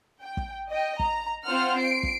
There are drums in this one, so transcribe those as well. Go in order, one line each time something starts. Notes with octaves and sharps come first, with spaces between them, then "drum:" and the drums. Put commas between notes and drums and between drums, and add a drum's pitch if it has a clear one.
G5
drum: kick
D#5 G5
A#5, drum: kick
C4 F4 C5 F#5 F6
C7 D7
drum: kick